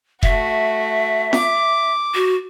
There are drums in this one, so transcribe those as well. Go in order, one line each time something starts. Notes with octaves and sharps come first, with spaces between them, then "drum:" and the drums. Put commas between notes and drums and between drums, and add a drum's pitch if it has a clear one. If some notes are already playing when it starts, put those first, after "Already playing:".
A3 F#4 E5, drum: kick F1
D6, drum: snare F4
F#4